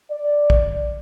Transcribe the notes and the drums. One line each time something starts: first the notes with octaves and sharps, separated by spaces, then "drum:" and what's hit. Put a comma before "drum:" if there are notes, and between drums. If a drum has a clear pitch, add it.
D5
drum: kick A#1